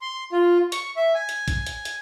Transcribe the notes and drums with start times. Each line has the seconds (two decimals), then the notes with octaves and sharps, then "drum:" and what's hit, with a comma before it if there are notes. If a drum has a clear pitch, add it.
0.01 C6
0.32 F4
0.72 C#6, drum: hi-hat
0.96 E5
1.15 G#5
1.29 drum: hi-hat
1.48 drum: kick, hi-hat
1.66 drum: hi-hat
1.85 drum: hi-hat